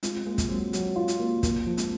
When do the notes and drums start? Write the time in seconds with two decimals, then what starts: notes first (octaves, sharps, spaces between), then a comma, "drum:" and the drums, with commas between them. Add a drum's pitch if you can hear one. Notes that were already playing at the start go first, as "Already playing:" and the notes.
0.03 G#3 C4 F4, drum: hi-hat
0.26 G#3 A#3 C4
0.38 drum: kick, hi-hat
0.49 F#3 G#3 C4
0.73 F#3, drum: hi-hat
0.96 F4
1.08 drum: hi-hat
1.19 A#3
1.43 A#3, drum: kick, hi-hat
1.66 F3
1.78 G#3 C4, drum: hi-hat